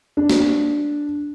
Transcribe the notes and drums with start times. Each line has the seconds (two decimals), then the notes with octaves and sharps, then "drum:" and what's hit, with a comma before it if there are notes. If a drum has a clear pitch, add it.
0.17 D4
0.29 drum: snare